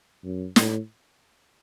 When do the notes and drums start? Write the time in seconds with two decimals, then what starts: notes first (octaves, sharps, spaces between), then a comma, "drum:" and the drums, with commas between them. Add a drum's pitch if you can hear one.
0.24 F#2
0.56 A2, drum: snare